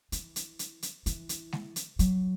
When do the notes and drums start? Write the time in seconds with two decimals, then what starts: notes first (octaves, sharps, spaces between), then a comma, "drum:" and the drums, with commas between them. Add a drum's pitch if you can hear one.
0.12 E3, drum: hi-hat
0.36 drum: hi-hat
0.59 drum: hi-hat
0.82 drum: hi-hat
1.06 E3, drum: hi-hat
1.29 drum: hi-hat
1.52 drum: snare G#3
1.76 drum: hi-hat
1.99 F#3, drum: hi-hat